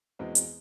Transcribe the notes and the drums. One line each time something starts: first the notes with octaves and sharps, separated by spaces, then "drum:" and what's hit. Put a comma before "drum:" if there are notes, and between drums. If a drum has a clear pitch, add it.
E2 B2 G#3 C4
drum: hi-hat